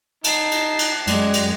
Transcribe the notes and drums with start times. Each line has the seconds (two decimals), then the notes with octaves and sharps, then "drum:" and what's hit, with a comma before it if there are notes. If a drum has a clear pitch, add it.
0.24 D#4 A5 C7, drum: cymbal
0.51 drum: cymbal
0.79 drum: cymbal
1.07 F#2 G#3 D5, drum: cymbal
1.34 drum: cymbal